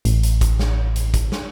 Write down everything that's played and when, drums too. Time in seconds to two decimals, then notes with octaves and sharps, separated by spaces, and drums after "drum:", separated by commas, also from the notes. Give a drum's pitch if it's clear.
0.05 A1, drum: hi-hat
0.23 drum: hi-hat
0.41 drum: kick, hi-hat
0.59 drum: snare
0.96 drum: hi-hat
1.14 drum: kick, hi-hat
1.32 drum: snare